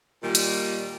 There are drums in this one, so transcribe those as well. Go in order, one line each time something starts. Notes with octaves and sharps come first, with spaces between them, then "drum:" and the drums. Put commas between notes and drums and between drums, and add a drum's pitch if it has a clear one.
A#2 D#3 G3
drum: hi-hat